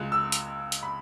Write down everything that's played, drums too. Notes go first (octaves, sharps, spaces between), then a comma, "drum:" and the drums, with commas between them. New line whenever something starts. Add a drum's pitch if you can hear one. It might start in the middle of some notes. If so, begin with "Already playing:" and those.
Already playing: C#2 C#3 G#3 F#6
E6
drum: hi-hat
drum: hi-hat
B5